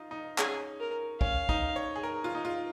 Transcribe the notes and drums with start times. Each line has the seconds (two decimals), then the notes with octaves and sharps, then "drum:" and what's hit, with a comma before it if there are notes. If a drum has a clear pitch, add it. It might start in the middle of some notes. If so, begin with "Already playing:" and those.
Already playing: D#4 F4
0.11 D#4
0.38 C#4 G#4, drum: clap
0.80 A#4
1.21 C#4 F5, drum: kick
1.49 D#4, drum: kick
1.76 C#5
1.96 G#4
2.03 A#4
2.24 F4
2.35 D#4
2.45 F4